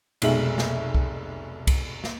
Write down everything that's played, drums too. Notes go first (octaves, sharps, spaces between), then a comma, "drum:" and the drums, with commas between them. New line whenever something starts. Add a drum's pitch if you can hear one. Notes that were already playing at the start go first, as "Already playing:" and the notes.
F1 B1 B2 G#3 E5 F#7, drum: cymbal
drum: snare
drum: kick C2
drum: kick C2, cymbal
drum: snare